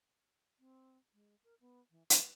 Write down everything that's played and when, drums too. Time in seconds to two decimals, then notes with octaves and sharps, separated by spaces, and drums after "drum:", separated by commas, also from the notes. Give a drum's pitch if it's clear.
0.59 C4
1.14 G#3
1.44 A#4
1.60 B3
1.91 E3
2.10 B4, drum: hi-hat